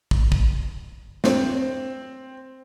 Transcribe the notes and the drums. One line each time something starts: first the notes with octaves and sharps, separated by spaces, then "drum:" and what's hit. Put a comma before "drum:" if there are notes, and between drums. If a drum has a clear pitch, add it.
drum: kick
drum: kick
C4, drum: snare